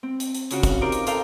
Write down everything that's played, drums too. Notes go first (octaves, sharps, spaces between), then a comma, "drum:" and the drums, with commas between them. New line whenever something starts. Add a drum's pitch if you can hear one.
C4
drum: hi-hat
drum: hi-hat
C#3 C#4 F4 F#4, drum: hi-hat
drum: kick, hi-hat
D#4 F4 G4 A#4 C5 D5
drum: hi-hat
A4 A#4 C5 F5 G5, drum: hi-hat